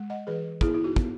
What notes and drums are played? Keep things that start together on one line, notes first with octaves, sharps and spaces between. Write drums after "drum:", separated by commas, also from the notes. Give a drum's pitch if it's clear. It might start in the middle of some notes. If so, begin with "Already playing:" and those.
Already playing: G#3
D#5 F#5
E3 G#4 B4
B3 E4 G#4, drum: kick
E4
D#4 F#4
B3, drum: kick